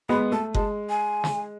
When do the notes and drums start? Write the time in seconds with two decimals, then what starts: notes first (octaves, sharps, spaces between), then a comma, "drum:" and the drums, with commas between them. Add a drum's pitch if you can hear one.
0.09 G#3 B3 B5
0.32 A3 A5
0.54 G#3 A5, drum: kick F#1
0.90 G#5
1.24 drum: snare